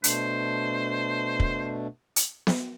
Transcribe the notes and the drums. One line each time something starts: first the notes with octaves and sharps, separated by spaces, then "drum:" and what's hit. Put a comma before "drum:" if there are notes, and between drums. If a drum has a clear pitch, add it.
B2 A3 D4 C5, drum: hi-hat
drum: kick
drum: hi-hat
drum: snare B3